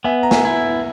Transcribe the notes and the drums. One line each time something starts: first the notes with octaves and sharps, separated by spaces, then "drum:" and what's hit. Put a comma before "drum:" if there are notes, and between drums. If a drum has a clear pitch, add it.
B3 E5 G#5
A#5
E5 G#5, drum: snare
E4